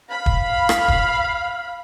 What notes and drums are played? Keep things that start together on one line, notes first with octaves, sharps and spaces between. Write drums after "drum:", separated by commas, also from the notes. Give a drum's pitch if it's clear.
F5 B5
drum: kick
drum: rim click
drum: kick